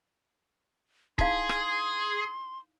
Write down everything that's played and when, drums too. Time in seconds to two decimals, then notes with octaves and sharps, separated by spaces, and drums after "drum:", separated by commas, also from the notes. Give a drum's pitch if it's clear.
1.19 D#4 E4 G#4 F5 C6, drum: kick C#1
1.49 drum: rim click